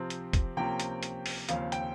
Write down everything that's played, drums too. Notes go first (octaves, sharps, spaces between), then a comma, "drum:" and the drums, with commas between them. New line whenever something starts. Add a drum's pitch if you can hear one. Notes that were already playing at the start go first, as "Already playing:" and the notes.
Already playing: C3 F3 C4
drum: hi-hat
drum: kick F1, hi-hat
C3 F3 A#3 C#4 G5
drum: hi-hat
drum: hi-hat
drum: open hi-hat
D#2 C#3 F3 C4 F5, drum: hi-hat
G5, drum: hi-hat